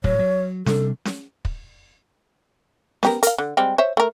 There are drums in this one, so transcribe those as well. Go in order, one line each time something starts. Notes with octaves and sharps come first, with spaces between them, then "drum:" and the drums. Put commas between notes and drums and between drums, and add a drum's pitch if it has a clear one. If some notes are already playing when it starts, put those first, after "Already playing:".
A2 F#3 C#5, drum: kick
F#3
C3 G3 D4 A4, drum: snare C#4
drum: snare C#4
drum: kick
B3 G4 A#4, drum: snare C#4
A#4 F5, drum: hi-hat
D3
G3 G#3 C4
C5 C#5 E5
A3 A#4